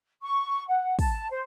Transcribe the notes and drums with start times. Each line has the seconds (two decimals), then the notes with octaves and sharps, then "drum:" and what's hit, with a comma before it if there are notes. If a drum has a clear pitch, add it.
0.22 C#6
0.68 F#5
0.99 A5, drum: kick, open hi-hat
1.30 C5